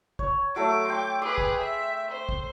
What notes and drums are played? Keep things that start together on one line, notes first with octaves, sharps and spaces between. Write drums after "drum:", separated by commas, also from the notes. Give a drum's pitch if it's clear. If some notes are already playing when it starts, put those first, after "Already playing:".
C#5, drum: kick
F#3 A3 A4 D6
G5 C6
G#4 B4 C6 D6 D#6
drum: kick
E5
C5
drum: kick